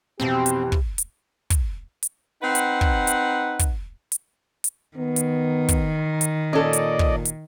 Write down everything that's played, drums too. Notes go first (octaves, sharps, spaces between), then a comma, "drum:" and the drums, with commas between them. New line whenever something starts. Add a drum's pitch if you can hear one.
F2 B2 E3 C4 G4
drum: hi-hat
drum: kick
drum: hi-hat
drum: kick, hi-hat
drum: hi-hat
C4 D#4 B4 F#5
drum: hi-hat
drum: kick
drum: hi-hat
drum: kick, hi-hat
drum: hi-hat
drum: hi-hat
D#3 B3
drum: hi-hat
drum: kick, hi-hat
drum: hi-hat
A#2 C#4 A4 D5 D#5
drum: hi-hat
drum: kick
drum: hi-hat